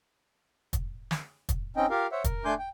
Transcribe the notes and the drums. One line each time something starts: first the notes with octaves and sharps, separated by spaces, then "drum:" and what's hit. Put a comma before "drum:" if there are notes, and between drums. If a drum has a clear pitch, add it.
drum: kick, hi-hat
drum: snare
drum: kick, hi-hat
C4 C#4 D#4 D#5 G5
F4 G4 A#4 F5
C5 C#5 E5 F#5
A#4, drum: kick, hi-hat
A3 D4 G#5 C6 D6 G6
G5